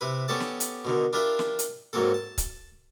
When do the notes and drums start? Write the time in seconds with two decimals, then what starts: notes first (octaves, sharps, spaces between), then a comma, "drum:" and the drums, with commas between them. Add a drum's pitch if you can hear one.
0.01 C3 E4 B4
0.28 B3 C#4 G4 A4 D5 A5
0.40 drum: snare
0.60 drum: hi-hat
0.85 B2 D3 D#3
1.13 D4 E4 F4 G4 A#4 E5
1.39 drum: snare
1.59 drum: hi-hat
1.93 G#2 F#3 A#3 C4 A4
2.14 A5
2.38 drum: kick C#1, hi-hat